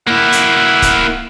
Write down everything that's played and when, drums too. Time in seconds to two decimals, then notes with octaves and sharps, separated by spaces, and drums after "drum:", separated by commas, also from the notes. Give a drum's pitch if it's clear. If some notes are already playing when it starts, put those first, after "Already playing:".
0.07 A#3 E4 F#5
0.32 drum: hi-hat
0.82 drum: kick, hi-hat